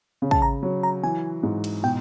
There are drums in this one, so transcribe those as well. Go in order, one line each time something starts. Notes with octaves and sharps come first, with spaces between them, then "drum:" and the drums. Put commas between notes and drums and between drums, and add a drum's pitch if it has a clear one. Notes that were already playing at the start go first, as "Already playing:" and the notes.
C#3
A5, drum: kick
A#5
F#3
A#5
E3 G#5
G#2
drum: cymbal
B2 G5